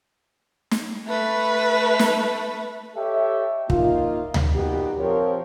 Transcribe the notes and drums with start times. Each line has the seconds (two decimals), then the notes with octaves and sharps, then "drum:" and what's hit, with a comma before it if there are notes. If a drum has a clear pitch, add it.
0.71 drum: snare
1.08 A3 B4
1.99 drum: snare
2.96 G4 A4 C#5 D#5 E5
3.70 A#3 D#4 F4, drum: kick
4.34 drum: tom D2
4.55 A#2 B3 D#4 F#4 G4
4.98 F3 C4 A#4 C#5